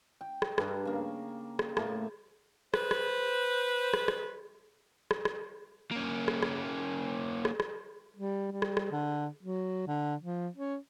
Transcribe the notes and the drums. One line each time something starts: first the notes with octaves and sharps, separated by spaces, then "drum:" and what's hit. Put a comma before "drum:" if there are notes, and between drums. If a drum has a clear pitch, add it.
G5
drum: rim click
G2 G3 D4 A#5, drum: rim click
C#3 A#3
drum: rim click
A2 A#3 A5, drum: rim click
B4 C5, drum: rim click
drum: rim click
drum: rim click
drum: rim click
drum: rim click
drum: rim click
A#3 C#4
drum: rim click
drum: rim click
drum: rim click
drum: rim click
G3
G3
drum: rim click
drum: rim click
D3
F#3
D3
F3
C#4